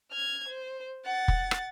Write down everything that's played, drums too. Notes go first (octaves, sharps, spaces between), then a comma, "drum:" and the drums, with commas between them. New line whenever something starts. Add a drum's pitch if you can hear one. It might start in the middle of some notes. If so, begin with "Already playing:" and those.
F6 G#6
C5
F#5 A6
drum: kick
drum: rim click